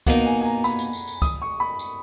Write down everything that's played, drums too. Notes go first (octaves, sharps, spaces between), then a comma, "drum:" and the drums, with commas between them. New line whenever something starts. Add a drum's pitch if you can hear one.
B2 A#3 D#4 A#4 F#5, drum: kick, tambourine
G#5
G#5
A#5
B5, drum: tambourine
drum: tambourine
drum: tambourine
drum: tambourine
D#6, drum: kick, tambourine
C#6
B5
drum: tambourine